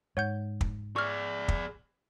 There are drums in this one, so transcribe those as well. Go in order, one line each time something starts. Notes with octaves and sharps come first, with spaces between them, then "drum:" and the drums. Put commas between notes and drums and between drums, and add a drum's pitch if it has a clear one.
G#2 C#5 F#5 G6
drum: kick
G#4 D5 C#6 F6
drum: kick